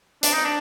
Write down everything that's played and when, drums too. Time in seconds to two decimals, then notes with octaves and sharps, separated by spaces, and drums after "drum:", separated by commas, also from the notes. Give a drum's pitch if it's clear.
0.23 D4, drum: hi-hat
0.33 D#4
0.45 D4